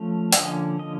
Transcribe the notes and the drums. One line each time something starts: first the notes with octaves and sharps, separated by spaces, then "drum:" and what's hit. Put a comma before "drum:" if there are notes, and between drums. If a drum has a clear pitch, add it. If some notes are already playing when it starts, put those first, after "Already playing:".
Already playing: F3 A3 C#4
E5, drum: hi-hat
D3 F3 A#3 C#4 D#5
D#5